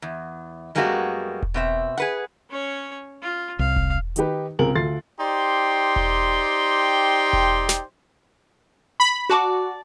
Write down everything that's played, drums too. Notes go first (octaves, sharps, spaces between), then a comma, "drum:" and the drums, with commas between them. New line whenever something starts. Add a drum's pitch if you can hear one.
E2
F#2 G3 G#3 A#3 B3 F#4
drum: kick E1
B2 C4 E5
G#4 B4 F#5
C#4 C#5
F4
C2 F5
drum: kick E1
D#3 D#4 G4 B4, drum: hi-hat
C#2 C3 G#4 A#4 F#7
D2 F4 A4 C6 A6 C7
D#4 G4 C5 D5 G5 C6
drum: kick E1
drum: kick E1
drum: snare
B5
F#4 D5 A5 D6